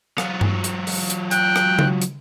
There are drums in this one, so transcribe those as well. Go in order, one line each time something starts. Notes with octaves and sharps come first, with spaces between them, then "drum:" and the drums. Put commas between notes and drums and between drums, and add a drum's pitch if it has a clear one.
F#3 F4, drum: rim click
drum: tom G2
drum: hi-hat
drum: open hi-hat
drum: hi-hat
G5 F#6, drum: hi-hat
drum: rim click
drum: tom C#3
drum: hi-hat